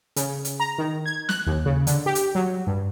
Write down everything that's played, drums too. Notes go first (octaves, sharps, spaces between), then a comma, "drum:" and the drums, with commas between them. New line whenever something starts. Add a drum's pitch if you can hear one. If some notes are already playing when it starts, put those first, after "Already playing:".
C#3, drum: hi-hat
drum: hi-hat
A#5
D#3
G#6
F#6, drum: snare
D#2
C#3
D3, drum: hi-hat
G4
drum: hi-hat
F#3
G2